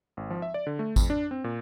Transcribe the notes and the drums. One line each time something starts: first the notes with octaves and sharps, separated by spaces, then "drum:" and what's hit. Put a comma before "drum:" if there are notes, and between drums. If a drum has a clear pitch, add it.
G#1
F3
E5
D5
D3
A3
F2, drum: kick G#1, tambourine
D4
C4
A#2